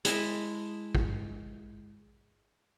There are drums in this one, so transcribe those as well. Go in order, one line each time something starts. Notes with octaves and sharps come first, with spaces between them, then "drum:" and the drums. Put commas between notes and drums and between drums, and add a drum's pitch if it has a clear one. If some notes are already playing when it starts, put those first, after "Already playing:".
G#3 E4 D#5 A5, drum: hi-hat
drum: kick